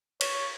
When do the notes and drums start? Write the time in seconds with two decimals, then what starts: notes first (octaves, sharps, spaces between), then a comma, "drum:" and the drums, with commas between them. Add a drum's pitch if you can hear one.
0.21 C#5, drum: cymbal